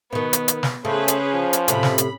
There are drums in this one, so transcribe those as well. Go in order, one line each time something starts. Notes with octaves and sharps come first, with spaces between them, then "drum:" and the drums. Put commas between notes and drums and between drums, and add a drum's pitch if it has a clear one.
B2 D#3 B3
drum: hi-hat
drum: hi-hat
drum: snare
C#3 A3 C#4 G#4 B4 C5
drum: hi-hat
F3
drum: hi-hat
A2 C3 B5, drum: hi-hat
drum: snare
drum: hi-hat